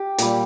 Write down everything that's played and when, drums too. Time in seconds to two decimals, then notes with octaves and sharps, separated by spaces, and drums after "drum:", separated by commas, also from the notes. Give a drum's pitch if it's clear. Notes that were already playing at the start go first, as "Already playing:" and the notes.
Already playing: G4
0.18 A#2 G3, drum: hi-hat